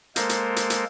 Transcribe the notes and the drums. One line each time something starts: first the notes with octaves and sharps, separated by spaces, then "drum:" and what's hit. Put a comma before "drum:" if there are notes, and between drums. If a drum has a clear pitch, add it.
G#3 A#3 A4 A#4 C5, drum: hi-hat
drum: hi-hat
drum: hi-hat
drum: hi-hat